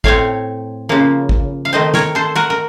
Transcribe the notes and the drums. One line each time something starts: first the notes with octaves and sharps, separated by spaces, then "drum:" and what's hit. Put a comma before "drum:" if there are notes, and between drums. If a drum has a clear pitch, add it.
A2 A3 C4 C#5 F5, drum: kick
C#3 F3 A#3
drum: kick
F5
D#3 A3 C4 C5 D#5
A#4 C#5, drum: snare
A4 C5
F#4 A#4
A#4